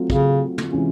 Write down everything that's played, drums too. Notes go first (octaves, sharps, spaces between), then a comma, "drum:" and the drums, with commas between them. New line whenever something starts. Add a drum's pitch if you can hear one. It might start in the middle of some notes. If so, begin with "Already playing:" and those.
Already playing: F#3 A3 C4 F4
C#3, drum: kick
drum: tom
C3 E3 G#3 C#4 F4